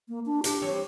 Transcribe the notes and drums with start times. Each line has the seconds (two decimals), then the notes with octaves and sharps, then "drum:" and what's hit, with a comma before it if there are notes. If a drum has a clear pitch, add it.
0.08 A#3
0.26 D4
0.44 G4, drum: hi-hat
0.62 E3 C4 C#5